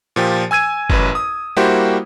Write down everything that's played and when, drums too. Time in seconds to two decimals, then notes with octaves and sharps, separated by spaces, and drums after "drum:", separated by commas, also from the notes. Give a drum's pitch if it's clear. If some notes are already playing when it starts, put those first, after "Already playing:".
0.16 A#2 F3 G4
0.51 G#5 E6 G#6 D#7
0.90 A1 F#2 B4, drum: kick
1.15 D#6
1.56 G3 A#3 E4 F#4 G4 C5